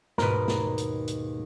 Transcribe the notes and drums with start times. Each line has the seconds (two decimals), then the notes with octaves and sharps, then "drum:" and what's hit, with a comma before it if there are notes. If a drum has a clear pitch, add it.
0.18 D#2 G#2 B2 A#4 B4, drum: snare
0.48 drum: snare
0.78 drum: hi-hat
1.08 drum: hi-hat